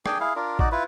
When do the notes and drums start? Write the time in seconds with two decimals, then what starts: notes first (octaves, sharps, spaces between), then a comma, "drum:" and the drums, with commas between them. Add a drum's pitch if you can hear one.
0.06 D4 G#4 G5 G#5, drum: rim click
0.20 E4 G#4 F5
0.36 D4 F4 A#4
0.59 D#4 F#4 D5, drum: kick A1
0.72 E4 F4 B4